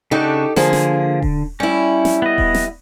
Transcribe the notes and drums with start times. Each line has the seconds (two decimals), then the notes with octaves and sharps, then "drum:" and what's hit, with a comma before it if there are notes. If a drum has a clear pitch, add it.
0.11 C#3 D4 D#4 F#4 G4 A4
0.56 D3 F3 A#3 G#4, drum: snare
0.73 drum: snare
1.22 drum: kick D#1
1.60 G3 C#4 E4
2.05 drum: snare
2.22 B3 D#5
2.38 drum: kick D#1
2.54 drum: snare